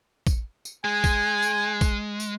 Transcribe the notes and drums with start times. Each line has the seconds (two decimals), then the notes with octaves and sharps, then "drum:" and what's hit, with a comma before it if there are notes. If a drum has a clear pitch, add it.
0.27 drum: kick A1, tambourine
0.65 drum: tambourine
0.85 G#3 G#5
1.04 drum: kick A1, tambourine
1.43 drum: tambourine
1.81 drum: kick A1, tambourine
2.20 drum: tambourine